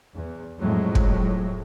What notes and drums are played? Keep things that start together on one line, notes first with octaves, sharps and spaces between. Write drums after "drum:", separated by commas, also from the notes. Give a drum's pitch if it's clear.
E2
F2 A2 F#3 G#3
drum: kick